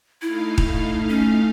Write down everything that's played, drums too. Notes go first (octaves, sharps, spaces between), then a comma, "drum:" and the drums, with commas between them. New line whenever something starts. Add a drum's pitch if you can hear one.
A3 D#4 E4 F5
drum: kick D#1
C#4